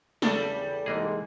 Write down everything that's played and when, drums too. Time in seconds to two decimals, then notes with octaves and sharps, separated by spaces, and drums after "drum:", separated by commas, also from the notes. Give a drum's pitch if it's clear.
0.22 E2 C#3 G3 D4 A4, drum: snare
0.86 C2 G#2 E3 G#3 A#3 G#4